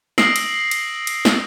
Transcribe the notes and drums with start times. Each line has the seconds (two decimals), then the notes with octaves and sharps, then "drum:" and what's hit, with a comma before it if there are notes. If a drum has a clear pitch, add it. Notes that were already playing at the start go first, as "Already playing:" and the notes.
0.18 D#6 E6 A#6 C7 D7 F#7, drum: snare
0.36 drum: cymbal
0.71 drum: cymbal
1.07 drum: cymbal
1.25 drum: snare